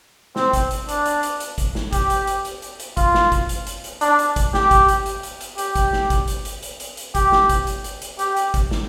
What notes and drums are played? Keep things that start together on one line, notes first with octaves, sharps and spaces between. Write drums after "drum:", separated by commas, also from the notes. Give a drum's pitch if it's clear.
C4, drum: snare
drum: kick, hi-hat
drum: hi-hat
D4, drum: hi-hat
drum: hi-hat
drum: hi-hat
drum: hi-hat
drum: kick, hi-hat
drum: snare
G4, drum: kick, hi-hat
drum: hi-hat
drum: hi-hat
drum: hi-hat
drum: hi-hat
drum: hi-hat
F4, drum: kick, hi-hat
drum: snare
drum: kick, hi-hat
drum: hi-hat
drum: hi-hat
drum: hi-hat
D4, drum: hi-hat
drum: hi-hat
drum: kick, hi-hat
G4, drum: snare
drum: kick, hi-hat
drum: hi-hat
drum: hi-hat
drum: hi-hat
drum: hi-hat
G4, drum: hi-hat
drum: kick, hi-hat
drum: snare
drum: kick, hi-hat
drum: hi-hat
drum: hi-hat
drum: hi-hat
drum: hi-hat
drum: hi-hat
G4, drum: kick, hi-hat
drum: snare
drum: kick, hi-hat
drum: hi-hat
drum: hi-hat
drum: hi-hat
G4, drum: hi-hat
drum: hi-hat
drum: kick, hi-hat
drum: snare